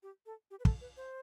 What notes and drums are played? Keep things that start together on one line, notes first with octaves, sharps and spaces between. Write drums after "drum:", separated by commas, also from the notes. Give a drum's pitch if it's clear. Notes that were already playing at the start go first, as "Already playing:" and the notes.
G4
A4
G4
B4
A4, drum: kick
B4
C5